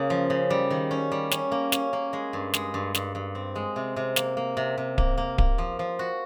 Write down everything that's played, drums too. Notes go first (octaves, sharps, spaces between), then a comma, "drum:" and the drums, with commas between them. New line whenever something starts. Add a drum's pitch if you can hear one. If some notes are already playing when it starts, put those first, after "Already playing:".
Already playing: C#3 A#3
F3
C#3
G3
D#3
C#4
G3
C#4, drum: snare
A#3
C#4, drum: snare
A#3
G#3
G2
G#3, drum: snare
G2
G2, drum: snare
G2
C4
G#3
C3
C3
A#3, drum: snare
A#3
C3
C3
A#3, drum: kick D1
A#3
A#3, drum: kick D1
F3
F3
F#4